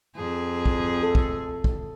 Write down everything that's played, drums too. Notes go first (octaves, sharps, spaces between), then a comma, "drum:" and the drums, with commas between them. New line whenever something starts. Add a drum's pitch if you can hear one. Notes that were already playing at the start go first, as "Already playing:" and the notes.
F2 G#4
drum: kick
A4
drum: kick
drum: kick